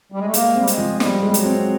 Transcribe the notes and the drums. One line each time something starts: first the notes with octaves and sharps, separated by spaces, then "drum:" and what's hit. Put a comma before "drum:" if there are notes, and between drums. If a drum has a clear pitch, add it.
G3
G#3
A3
G#3 A#3, drum: hi-hat
G3 C4
G#3, drum: hi-hat
F3
F3 G3, drum: snare
G#3
F#3, drum: hi-hat
C4